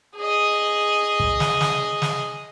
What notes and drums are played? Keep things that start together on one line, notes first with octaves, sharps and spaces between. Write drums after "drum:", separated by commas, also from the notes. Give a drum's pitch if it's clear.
G#4 D#5
drum: kick
drum: snare
drum: snare
drum: snare